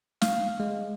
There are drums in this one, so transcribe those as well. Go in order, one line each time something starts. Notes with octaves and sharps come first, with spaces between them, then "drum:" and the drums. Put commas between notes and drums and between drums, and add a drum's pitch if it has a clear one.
F5, drum: snare
G#3